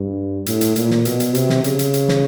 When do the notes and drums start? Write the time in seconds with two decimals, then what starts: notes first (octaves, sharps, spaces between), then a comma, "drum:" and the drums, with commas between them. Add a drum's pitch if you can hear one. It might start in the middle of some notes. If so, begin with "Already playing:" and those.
Already playing: G2
0.46 A2, drum: hi-hat
0.61 drum: hi-hat
0.76 A#2, drum: hi-hat
0.90 drum: snare
1.05 B2, drum: hi-hat
1.20 drum: hi-hat
1.35 C3, drum: hi-hat
1.49 drum: snare
1.64 C#3, drum: hi-hat
1.79 drum: hi-hat
1.94 drum: hi-hat
2.08 drum: snare